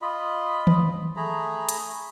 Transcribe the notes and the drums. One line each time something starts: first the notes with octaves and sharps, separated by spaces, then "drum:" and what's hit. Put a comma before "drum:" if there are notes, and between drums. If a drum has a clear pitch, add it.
F4 D#5 B5
drum: tom D#3
A3 G#4 A#5 B5
drum: hi-hat